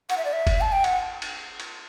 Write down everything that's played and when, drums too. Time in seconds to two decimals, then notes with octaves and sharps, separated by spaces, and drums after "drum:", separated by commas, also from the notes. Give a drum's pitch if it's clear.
0.10 F#5, drum: cymbal
0.18 E5
0.25 D5
0.33 E5
0.47 drum: kick F1, cymbal
0.61 A5
0.72 G5
0.84 F#5, drum: cymbal
1.22 drum: cymbal
1.60 drum: cymbal